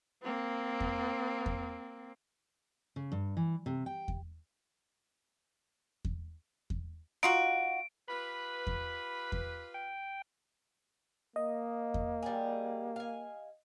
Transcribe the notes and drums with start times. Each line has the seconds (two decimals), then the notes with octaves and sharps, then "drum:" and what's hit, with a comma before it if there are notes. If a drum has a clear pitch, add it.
0.23 A#3 C4
0.80 drum: kick E2
1.46 drum: kick E2
2.96 C#3
3.12 G2
3.37 E3
3.66 C3
3.86 G5
4.08 drum: kick E2
6.05 drum: kick E2
6.70 drum: kick E2
7.23 D#4 F4 F#4 D7
8.08 F4 G4 B4 B5
8.67 drum: kick E2
9.32 drum: kick E2
9.74 G5
11.36 A#3 D#5
11.94 drum: kick E2
12.23 G3 G#4
12.96 F5 G#5